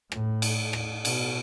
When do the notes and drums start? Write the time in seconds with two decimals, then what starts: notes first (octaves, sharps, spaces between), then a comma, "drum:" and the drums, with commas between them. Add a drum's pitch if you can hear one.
0.12 A2, drum: rim click
0.42 drum: cymbal
0.73 drum: rim click
1.05 B2, drum: cymbal